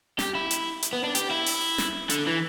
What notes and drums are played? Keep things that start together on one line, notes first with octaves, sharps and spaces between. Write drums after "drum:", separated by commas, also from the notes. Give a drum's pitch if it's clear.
G4, drum: snare
E4
drum: hi-hat
drum: hi-hat
B3
D4
G4, drum: hi-hat
E4
drum: open hi-hat
drum: snare
D3, drum: hi-hat
E3